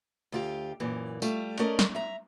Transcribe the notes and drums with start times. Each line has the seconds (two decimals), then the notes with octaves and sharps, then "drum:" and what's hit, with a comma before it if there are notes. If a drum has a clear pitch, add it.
0.32 D2 F4 G4
0.80 F#2 A#2 E3
1.22 G3 A3 F4, drum: tambourine
1.59 A3 C#4 A#4 D5 D#5
1.79 drum: snare
1.95 E5 A#5